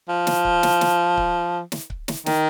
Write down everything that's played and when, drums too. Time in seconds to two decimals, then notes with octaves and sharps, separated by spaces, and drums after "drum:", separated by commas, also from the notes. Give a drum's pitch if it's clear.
0.09 F3
0.27 drum: snare
0.45 drum: kick C#1
0.63 drum: snare
0.81 drum: snare
1.17 drum: kick C#1
1.72 drum: snare
1.90 drum: kick C#1
2.08 drum: snare
2.26 D#3, drum: snare